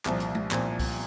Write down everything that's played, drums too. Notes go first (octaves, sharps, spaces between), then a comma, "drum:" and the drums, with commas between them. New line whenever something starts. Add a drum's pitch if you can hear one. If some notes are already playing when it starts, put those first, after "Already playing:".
C2 A#2 F3, drum: clap
drum: hi-hat
drum: tom G#3
A#2 F3, drum: clap
drum: kick C2, open hi-hat